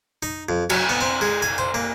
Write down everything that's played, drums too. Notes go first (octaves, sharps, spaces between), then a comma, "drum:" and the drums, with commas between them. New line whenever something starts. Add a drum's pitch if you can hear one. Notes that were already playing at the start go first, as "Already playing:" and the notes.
D#4
F2
F#3, drum: cymbal
B3
C4
G#3
G#5
C5
A#3